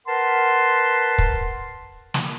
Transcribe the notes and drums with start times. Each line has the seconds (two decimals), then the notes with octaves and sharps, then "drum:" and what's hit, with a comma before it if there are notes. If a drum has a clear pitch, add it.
0.07 A#4 B4 F#5 A5 C6
1.18 drum: kick
2.14 drum: snare